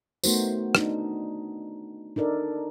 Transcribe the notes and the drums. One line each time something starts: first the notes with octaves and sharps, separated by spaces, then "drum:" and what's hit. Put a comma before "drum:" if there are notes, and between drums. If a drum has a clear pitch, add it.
A3 B3 D#4 F#4 A#4 C5, drum: tambourine
D4 D#4, drum: rim click
D4 D#4 A4 A#4 D5